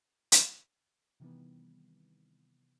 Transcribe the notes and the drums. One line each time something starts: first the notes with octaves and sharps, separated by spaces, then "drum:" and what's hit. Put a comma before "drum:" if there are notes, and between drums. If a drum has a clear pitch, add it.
drum: hi-hat
C3 D#3 E3 G3 B3